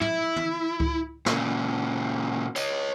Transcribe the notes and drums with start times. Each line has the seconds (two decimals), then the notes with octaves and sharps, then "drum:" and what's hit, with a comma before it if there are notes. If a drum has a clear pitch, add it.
0.01 E4, drum: tom
0.36 drum: tom
0.80 drum: kick C#2
1.26 A#2 C#3, drum: snare
2.56 C#5 D#5, drum: tambourine